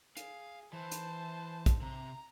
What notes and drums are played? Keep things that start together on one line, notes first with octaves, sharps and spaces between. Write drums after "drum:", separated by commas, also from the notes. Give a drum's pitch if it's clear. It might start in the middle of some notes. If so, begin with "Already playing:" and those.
G#4 F5, drum: hi-hat
E3 C5 A5
drum: hi-hat
drum: kick, hi-hat
C3 A#5